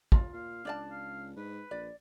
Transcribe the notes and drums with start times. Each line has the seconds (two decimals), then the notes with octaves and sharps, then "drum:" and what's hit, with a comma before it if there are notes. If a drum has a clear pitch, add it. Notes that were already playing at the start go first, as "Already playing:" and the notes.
0.12 F4, drum: kick
0.34 A#2 F5
0.65 C#2 D4 D5 A5
0.91 F5
1.37 G#2 B4
1.71 A#1 D5